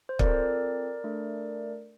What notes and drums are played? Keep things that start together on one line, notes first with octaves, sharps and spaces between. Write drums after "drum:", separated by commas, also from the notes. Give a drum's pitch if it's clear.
C5
C4 F4 A4 A#4 D5, drum: kick
A3 D4 A4